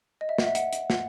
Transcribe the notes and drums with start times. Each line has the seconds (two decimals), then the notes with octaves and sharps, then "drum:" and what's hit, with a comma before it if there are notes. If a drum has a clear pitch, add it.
0.21 D#5
0.29 E5
0.38 F#5, drum: snare
0.46 E5
0.55 F#5, drum: hi-hat
0.73 drum: hi-hat
0.90 F#5, drum: snare